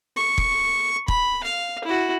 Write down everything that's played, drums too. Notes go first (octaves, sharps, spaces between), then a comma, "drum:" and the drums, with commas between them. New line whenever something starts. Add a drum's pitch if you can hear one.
C#6
drum: kick
B5, drum: kick
F5
E4 F#4